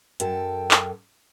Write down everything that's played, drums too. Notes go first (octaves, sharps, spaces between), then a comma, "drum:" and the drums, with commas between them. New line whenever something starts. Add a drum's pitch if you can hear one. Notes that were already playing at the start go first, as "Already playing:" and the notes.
F#2 A4 G5, drum: hi-hat
drum: clap